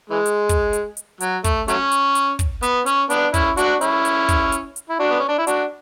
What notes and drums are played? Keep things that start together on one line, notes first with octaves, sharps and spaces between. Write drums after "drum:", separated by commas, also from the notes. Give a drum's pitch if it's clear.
E3 G#3
drum: hi-hat
drum: kick, hi-hat
drum: hi-hat
drum: hi-hat
F#3, drum: hi-hat
A3, drum: kick, hi-hat
F#3 A3 C#4, drum: hi-hat
drum: hi-hat
drum: hi-hat
drum: kick, hi-hat
B3, drum: hi-hat
C#4, drum: hi-hat
B3 D4, drum: hi-hat
C#4 E4, drum: kick, hi-hat
D4 F#4, drum: hi-hat
C#4 E4, drum: hi-hat
drum: hi-hat
drum: kick, hi-hat
drum: hi-hat
drum: hi-hat
E4
D4 F#4
B3
C#4
D4
E4
D4 F#4, drum: hi-hat